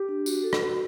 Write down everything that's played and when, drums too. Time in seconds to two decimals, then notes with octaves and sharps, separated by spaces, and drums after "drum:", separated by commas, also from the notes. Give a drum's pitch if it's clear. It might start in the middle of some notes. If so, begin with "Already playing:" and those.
Already playing: G4
0.09 D4
0.26 F#4, drum: tambourine
0.44 A4
0.53 drum: rim click
0.62 F#4